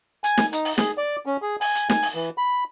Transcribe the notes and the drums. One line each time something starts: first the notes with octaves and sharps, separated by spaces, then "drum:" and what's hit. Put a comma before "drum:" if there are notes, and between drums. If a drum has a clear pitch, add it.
G#5, drum: hi-hat
drum: snare
D#4, drum: hi-hat
drum: open hi-hat
G#4, drum: snare
D5
C#4
G#4
G#5, drum: open hi-hat
drum: hi-hat
G#5, drum: snare
drum: open hi-hat
E3
B5